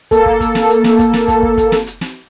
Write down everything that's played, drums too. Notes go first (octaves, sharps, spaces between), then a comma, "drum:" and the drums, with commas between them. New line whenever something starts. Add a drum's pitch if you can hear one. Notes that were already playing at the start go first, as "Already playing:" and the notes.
A#3 A4, drum: kick, hi-hat
drum: kick
drum: kick, hi-hat
drum: snare
drum: hi-hat
drum: snare
drum: kick, hi-hat
drum: snare
drum: kick, hi-hat
drum: kick
drum: kick, hi-hat
drum: snare
drum: hi-hat
drum: snare